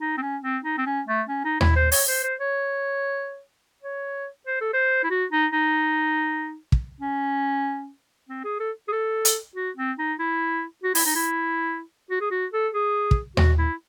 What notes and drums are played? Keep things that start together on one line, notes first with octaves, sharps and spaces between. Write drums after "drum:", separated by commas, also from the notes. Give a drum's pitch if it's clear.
D#4
C4
C#4
C4
D#4
C4
C#4
A3
C#4
D#4
E4, drum: tom D#2
C5
C#5, drum: open hi-hat
C5
C5
C#5
C#5
C5
A4
C5
E4
F#4
D#4
D#4
drum: kick
C#4
C4
G#4
A4
G#4
A4
drum: hi-hat
F#4
C4
D#4
E4
F#4
E4, drum: open hi-hat
D#4
E4
F#4
G#4
F#4
A4
G#4
drum: kick
F#4, drum: tom D#2
E4